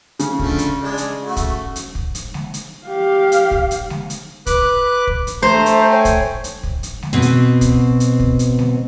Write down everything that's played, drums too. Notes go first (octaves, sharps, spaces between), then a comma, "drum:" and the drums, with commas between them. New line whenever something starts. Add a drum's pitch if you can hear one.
C#3, drum: hi-hat
D3 F3 A3, drum: kick
drum: hi-hat
G#3 D4
drum: hi-hat
A3 F#4
drum: kick, hi-hat
drum: hi-hat
drum: kick
drum: hi-hat
drum: snare G#3
drum: hi-hat
G4 F5
drum: hi-hat
drum: kick
drum: hi-hat
drum: snare G#3
drum: hi-hat
B4 D6 F#6, drum: kick, hi-hat
drum: kick
drum: hi-hat
A3 C5 A#5
drum: hi-hat
C#5 G5 G#5
drum: kick, hi-hat
drum: hi-hat
drum: kick
drum: hi-hat
drum: snare G#3
B2 C4
drum: hi-hat
drum: kick, hi-hat
drum: hi-hat
drum: kick
drum: hi-hat
drum: snare G#3